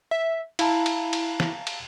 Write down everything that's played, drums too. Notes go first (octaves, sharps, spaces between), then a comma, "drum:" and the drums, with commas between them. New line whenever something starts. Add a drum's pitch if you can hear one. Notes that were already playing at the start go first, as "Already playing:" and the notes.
E5
E4 F5 A5 A#5, drum: cymbal
drum: cymbal
drum: cymbal
drum: snare
drum: cymbal